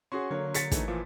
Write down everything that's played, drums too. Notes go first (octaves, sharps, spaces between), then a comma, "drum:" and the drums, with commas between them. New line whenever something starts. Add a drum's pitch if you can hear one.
C#4 F#4 G#4 C6 C#6
D3 F#3 A#3 C#5
A6 B6 C#7, drum: hi-hat
E3 A3 D#4, drum: kick, hi-hat
A#2 E3 F3